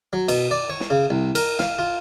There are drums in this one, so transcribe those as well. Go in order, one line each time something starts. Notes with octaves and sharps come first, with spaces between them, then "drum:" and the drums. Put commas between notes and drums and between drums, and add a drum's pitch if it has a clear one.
F#3
B2, drum: cymbal
D5
C#5
drum: snare
C#3
C2
A#4, drum: cymbal
F5, drum: snare
F4